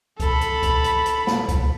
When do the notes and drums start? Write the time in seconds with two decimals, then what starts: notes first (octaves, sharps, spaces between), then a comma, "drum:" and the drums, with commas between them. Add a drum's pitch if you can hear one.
0.20 A4 B5, drum: kick C2, hi-hat
0.41 drum: hi-hat
0.63 drum: kick C2, hi-hat
0.84 drum: hi-hat
1.06 drum: hi-hat
1.27 drum: snare
1.49 drum: kick C2, hi-hat